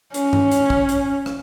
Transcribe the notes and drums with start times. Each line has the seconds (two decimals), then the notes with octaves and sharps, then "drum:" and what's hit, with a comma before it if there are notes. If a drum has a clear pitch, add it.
0.14 C#4, drum: hi-hat
0.33 drum: tom G2
0.52 drum: hi-hat
0.70 drum: kick
0.89 drum: hi-hat
1.26 drum: rim click